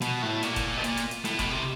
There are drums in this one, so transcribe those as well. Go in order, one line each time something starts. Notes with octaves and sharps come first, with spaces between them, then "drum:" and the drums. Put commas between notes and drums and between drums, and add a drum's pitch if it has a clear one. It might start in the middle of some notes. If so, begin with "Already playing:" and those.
B2, drum: hi-hat
A2
A#2, drum: hi-hat
drum: kick F1, hi-hat
B2
A#2, drum: hi-hat
drum: hi-hat
drum: hi-hat
A2, drum: hi-hat
B2, drum: kick F1, hi-hat
C3